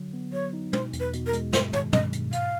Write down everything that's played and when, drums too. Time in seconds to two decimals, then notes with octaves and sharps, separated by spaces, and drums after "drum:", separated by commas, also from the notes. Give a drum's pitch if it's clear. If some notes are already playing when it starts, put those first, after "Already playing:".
Already playing: D3 F#3
0.13 B3
0.33 F#3 C#5
0.53 D#4
0.73 B2 C5, drum: tom
0.93 E2, drum: hi-hat
1.00 B4
1.13 B2, drum: hi-hat
1.26 A#4
1.33 G#3, drum: hi-hat
1.53 G2 C5, drum: snare
1.73 D#3 C#5, drum: tom
1.93 G2 D#5, drum: tom
2.13 G2, drum: hi-hat
2.32 G#2 F5, drum: hi-hat